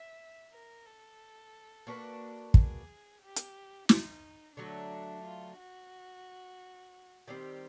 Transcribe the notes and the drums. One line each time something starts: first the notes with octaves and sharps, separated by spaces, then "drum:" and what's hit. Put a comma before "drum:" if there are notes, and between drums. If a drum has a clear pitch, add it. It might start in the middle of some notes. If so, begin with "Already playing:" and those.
Already playing: E5
A#4
A4
A#3 D4 F#4 B4
G#4, drum: kick
G4
drum: hi-hat
D#4, drum: snare
D3 F#3 A3 D4
F4
F#4
D#3 G3 C4 G4